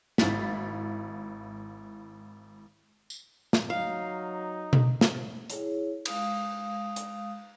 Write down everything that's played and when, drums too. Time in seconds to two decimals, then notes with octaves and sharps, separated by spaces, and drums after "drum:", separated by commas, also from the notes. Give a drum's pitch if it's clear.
0.18 G#1 E4 F5 A6 B6, drum: snare
3.10 drum: tambourine
3.53 drum: snare
3.70 F#3 D#4 F5
4.73 drum: tom B2
5.01 drum: snare
5.50 E4 G#4 C#5, drum: hi-hat
6.05 G#3 F5 D#6, drum: cymbal
6.96 drum: hi-hat